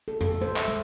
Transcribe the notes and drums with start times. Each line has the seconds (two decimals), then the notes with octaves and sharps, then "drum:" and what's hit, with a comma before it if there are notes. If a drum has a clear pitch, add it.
0.08 A4
0.21 A4, drum: tom F2
0.42 C5
0.56 E5, drum: clap
0.68 G#3